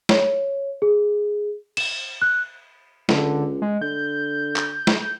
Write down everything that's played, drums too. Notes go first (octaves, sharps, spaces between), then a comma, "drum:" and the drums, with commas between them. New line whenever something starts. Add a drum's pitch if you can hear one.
C#5, drum: snare
G#4
E7, drum: cymbal
F#6
C#2 D3, drum: snare
G#3
D3 G6
drum: clap
drum: snare